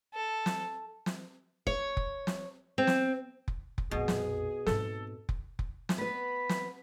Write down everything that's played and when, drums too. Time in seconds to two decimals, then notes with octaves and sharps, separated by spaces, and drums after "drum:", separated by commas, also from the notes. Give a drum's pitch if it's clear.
0.14 A4
0.46 drum: snare
1.06 drum: snare
1.67 C#5, drum: kick F1
1.97 drum: kick F1
2.27 drum: snare
2.78 C4
2.87 drum: snare
3.48 drum: kick F1
3.78 drum: kick F1
3.91 A#1 F2 B2 G#4
4.08 drum: snare
4.67 G#2 C4 A4, drum: snare
5.29 drum: kick F1
5.59 drum: kick F1
5.89 drum: snare
5.98 B3 B4 B5
6.49 drum: snare